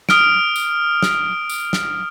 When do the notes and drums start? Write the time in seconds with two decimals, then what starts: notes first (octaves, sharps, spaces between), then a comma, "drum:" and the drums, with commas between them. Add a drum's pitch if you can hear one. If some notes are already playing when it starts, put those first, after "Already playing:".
0.09 D#6 F6 D7, drum: snare
0.56 drum: tambourine
1.03 drum: snare
1.49 drum: tambourine
1.73 drum: snare